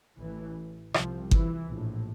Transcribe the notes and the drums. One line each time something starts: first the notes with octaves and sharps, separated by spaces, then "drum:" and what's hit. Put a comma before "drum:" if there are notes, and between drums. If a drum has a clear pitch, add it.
A1 A2 E3
C2 C3 F3, drum: rim click
E3, drum: kick G1
A#1 A2